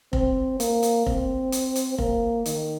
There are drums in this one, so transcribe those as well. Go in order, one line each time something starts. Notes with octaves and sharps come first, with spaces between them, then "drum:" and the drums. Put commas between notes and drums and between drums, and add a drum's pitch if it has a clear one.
C4, drum: kick F1
A#3, drum: hi-hat
drum: hi-hat
C4, drum: kick F1
drum: hi-hat
drum: hi-hat
A#3, drum: kick F1
D#3, drum: hi-hat